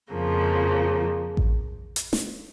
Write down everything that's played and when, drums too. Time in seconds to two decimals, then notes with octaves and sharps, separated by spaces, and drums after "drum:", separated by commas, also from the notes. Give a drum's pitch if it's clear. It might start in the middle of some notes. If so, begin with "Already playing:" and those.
0.12 F2 C#3 F3 A#3
1.37 drum: kick A1
1.96 drum: hi-hat
2.13 drum: snare